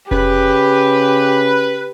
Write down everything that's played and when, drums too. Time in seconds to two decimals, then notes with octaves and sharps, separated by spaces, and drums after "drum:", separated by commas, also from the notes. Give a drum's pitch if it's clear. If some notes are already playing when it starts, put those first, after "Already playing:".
0.11 C#3 G4 B4, drum: kick F1